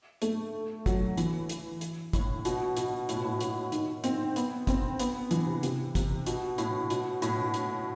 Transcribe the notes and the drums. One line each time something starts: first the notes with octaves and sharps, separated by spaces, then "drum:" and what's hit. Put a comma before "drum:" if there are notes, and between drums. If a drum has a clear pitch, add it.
A3, drum: hi-hat
F#3, drum: kick, hi-hat
E3, drum: hi-hat
drum: hi-hat
drum: hi-hat
A2, drum: kick, hi-hat
B2, drum: hi-hat
B2, drum: hi-hat
A2, drum: hi-hat
B2
A2
B2, drum: hi-hat
D#3, drum: hi-hat
C4, drum: hi-hat
B3, drum: hi-hat
C4, drum: kick, hi-hat
B3, drum: hi-hat
E3, drum: hi-hat
C3
C3, drum: hi-hat
C3, drum: kick, hi-hat
B2, drum: hi-hat
A2, drum: hi-hat
B2, drum: hi-hat
A2, drum: hi-hat
B2
drum: hi-hat